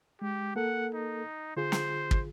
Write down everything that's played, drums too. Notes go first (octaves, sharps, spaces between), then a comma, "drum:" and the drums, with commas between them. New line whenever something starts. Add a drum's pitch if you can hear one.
G#3 G4
A#3 A4 A#4 F#5
D#4
D3 F4 G#4 C5
drum: snare
drum: kick